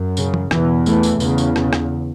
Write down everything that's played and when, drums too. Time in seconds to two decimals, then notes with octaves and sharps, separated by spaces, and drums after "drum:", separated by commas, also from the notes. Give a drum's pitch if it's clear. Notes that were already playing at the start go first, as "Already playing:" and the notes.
Already playing: F#2
0.17 C#3, drum: tambourine
0.34 drum: tom
0.51 E2 B2 E3, drum: rim click
0.86 E3 A3, drum: tambourine
1.03 drum: tambourine
1.20 E2 C#3, drum: tambourine
1.38 drum: tambourine
1.56 C#3, drum: rim click
1.73 drum: rim click